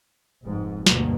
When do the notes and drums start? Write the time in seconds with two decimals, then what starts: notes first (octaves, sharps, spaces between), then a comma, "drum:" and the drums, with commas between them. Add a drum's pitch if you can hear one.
0.44 F1 G#2
0.86 D2 G2 B2 A3 A#3, drum: snare